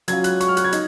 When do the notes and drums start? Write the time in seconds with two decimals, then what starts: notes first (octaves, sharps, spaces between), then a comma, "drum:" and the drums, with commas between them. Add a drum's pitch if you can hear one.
0.08 F#3 C#4 F4 G#6, drum: hi-hat
0.24 F#6, drum: hi-hat
0.40 C#6, drum: hi-hat
0.48 F6
0.57 F#6, drum: hi-hat
0.64 G#6
0.72 D#4, drum: hi-hat